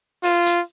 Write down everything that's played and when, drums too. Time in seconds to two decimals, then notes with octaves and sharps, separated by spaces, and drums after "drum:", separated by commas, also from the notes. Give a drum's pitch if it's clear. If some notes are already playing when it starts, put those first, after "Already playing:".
0.23 F4, drum: open hi-hat
0.46 drum: hi-hat